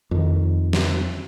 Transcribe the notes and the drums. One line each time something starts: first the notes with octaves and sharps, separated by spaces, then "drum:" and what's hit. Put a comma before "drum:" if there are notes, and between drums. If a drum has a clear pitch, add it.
F2 D#3
drum: snare